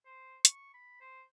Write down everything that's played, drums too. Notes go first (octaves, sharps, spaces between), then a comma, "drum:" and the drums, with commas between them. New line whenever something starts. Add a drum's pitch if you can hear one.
C5
C#6, drum: hi-hat
B5
C5